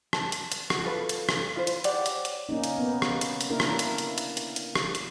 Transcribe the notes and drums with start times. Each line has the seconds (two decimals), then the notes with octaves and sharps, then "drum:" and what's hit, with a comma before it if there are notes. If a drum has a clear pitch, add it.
0.13 A5, drum: rim click
0.32 drum: hi-hat
0.52 drum: hi-hat
0.70 F#4, drum: rim click
0.84 F4 A4 B4 B5
1.09 drum: hi-hat
1.29 drum: rim click
1.56 F4 B4 C5
1.67 drum: hi-hat
1.84 G4 C#5 D5 F#5, drum: hi-hat
2.06 drum: hi-hat
2.25 drum: hi-hat
2.49 A#3 C#4 D#4
2.64 drum: hi-hat
2.78 B3
3.02 drum: rim click
3.21 drum: hi-hat
3.41 drum: hi-hat
3.50 A#3 D4 E4 A#4
3.60 drum: rim click
3.79 drum: hi-hat
3.98 drum: hi-hat
4.18 drum: hi-hat
4.37 drum: hi-hat
4.56 drum: hi-hat
4.75 drum: rim click
4.95 drum: hi-hat